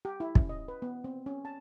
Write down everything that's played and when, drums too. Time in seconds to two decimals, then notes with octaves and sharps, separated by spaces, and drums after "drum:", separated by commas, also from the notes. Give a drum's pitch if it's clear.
0.05 G4
0.20 E4
0.35 C#4, drum: kick
0.49 D#5
0.68 B4
0.82 B3
1.04 C4
1.26 C#4
1.45 A5